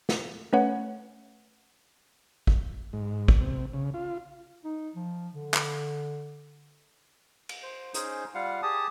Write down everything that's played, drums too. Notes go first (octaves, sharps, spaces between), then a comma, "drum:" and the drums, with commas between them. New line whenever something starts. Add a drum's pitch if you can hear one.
drum: snare
A3 C#4 B4 C#5 F#5
drum: kick A1
G#2
drum: kick A1
C3
C#3
F4
D#4
F3
D3
drum: clap
drum: cymbal
C5
C#4 D#4 G#4 C5, drum: hi-hat
G3 F4 F5 F#5
G4 G#4 A5 D#6